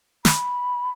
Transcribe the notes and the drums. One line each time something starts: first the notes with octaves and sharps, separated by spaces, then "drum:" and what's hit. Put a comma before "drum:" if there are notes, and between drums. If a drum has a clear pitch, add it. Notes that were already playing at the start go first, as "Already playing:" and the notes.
B5, drum: snare